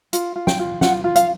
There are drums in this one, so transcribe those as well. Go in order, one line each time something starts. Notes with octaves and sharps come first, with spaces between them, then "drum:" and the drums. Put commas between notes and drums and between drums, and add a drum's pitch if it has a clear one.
F4, drum: hi-hat
F4
G5, drum: snare
F4
F4 F#5, drum: snare
F4
F5, drum: hi-hat